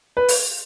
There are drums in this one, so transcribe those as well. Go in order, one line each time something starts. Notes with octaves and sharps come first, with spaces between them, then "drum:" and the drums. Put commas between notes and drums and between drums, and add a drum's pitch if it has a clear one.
B4
drum: open hi-hat